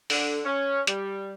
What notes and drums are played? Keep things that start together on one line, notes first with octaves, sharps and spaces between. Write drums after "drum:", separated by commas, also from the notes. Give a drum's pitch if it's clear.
D3, drum: open hi-hat
C#4
G3, drum: hi-hat